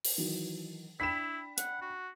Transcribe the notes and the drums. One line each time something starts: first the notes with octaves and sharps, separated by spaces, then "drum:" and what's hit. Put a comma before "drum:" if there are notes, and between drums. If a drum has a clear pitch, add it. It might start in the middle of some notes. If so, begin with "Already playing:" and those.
drum: open hi-hat
D#3 E3 F#3
D4 E4 G5 B5 B6 E7
F#5, drum: hi-hat
F#4